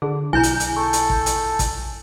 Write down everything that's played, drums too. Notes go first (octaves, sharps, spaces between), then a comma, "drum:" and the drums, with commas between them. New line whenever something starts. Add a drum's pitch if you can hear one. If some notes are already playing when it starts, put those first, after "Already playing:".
D3 G#4
B1 E4 G#5 A#5 G6
drum: hi-hat
drum: hi-hat
A4 C#6
drum: hi-hat
drum: kick
drum: hi-hat
drum: kick, hi-hat